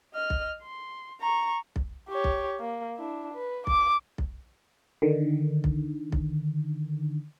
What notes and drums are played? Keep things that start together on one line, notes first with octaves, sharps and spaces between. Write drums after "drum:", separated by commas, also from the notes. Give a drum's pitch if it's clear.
D#5 F6
drum: kick B1
C6
A#5 C#6
drum: kick B1
G4 C#5
drum: kick B1
A#3
D4 E4
B4
D6, drum: kick B1
drum: kick B1
D3 D#3
drum: kick B1
drum: kick B1